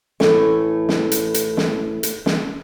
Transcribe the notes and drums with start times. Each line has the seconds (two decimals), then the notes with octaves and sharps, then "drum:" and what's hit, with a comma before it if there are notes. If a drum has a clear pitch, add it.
0.20 A2 E3 A3, drum: snare
0.89 drum: snare
1.12 drum: hi-hat
1.34 drum: hi-hat
1.57 drum: snare
2.03 drum: hi-hat
2.26 drum: snare